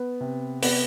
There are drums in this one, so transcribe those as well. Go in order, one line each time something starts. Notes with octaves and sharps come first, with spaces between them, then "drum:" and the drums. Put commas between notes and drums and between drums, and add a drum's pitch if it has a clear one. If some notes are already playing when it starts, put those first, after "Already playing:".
Already playing: B3
C3
B3, drum: open hi-hat